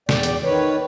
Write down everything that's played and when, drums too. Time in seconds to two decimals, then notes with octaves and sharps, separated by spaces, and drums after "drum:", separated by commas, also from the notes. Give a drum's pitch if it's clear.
0.09 E2 D5 G5, drum: snare
0.23 drum: hi-hat
0.44 D#3 B4 C#5